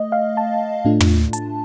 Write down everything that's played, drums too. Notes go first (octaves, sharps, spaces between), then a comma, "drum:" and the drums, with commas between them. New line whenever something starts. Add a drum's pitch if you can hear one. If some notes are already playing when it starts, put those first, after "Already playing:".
Already playing: A3 D#5
F5
A5
A2 A3 D4 F4
drum: tom
A5, drum: hi-hat